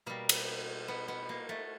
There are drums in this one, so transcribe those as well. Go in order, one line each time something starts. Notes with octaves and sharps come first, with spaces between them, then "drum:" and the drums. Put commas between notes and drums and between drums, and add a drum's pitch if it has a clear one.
B2 G3 A#3
drum: cymbal
B3
B3
A#3
A3